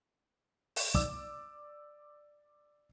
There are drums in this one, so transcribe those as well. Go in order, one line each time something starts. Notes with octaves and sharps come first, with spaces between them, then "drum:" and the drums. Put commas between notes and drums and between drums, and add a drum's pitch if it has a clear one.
drum: open hi-hat
D5 D6 E6, drum: kick